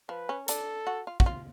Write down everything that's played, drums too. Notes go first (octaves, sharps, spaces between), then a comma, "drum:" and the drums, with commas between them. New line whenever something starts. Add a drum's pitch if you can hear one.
F3 B4
C#4
D4 A4, drum: hi-hat
F#4
F4
F#4, drum: kick
F4